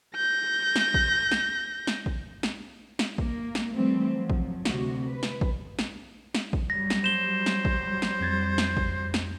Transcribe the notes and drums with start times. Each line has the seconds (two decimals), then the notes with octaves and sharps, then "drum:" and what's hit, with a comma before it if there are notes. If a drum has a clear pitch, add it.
0.16 G6 A#6
0.76 drum: snare
0.94 drum: kick A1
1.32 drum: snare
1.87 drum: snare
2.06 drum: kick A1
2.43 drum: snare
2.99 drum: snare
3.18 A#3, drum: kick A1
3.55 drum: snare
3.74 E3 F3 G3 A3 C4
4.15 F3 F#3
4.30 drum: kick A1
4.65 D2 C3 F#4, drum: snare
5.10 B4
5.23 drum: snare
5.41 drum: kick A1
5.79 drum: snare
6.35 drum: snare
6.53 drum: kick A1
6.70 F#3 G3 A#6
6.90 drum: snare
7.04 C5 E7 G7
7.46 drum: snare
7.65 drum: kick A1
8.02 drum: snare
8.21 F2 G#6 A6
8.58 drum: snare
8.77 drum: kick A1
9.14 drum: snare